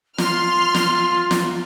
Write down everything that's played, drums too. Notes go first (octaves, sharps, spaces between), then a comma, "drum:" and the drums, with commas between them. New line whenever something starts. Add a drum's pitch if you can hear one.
F4 C6 F6, drum: snare
drum: snare
drum: snare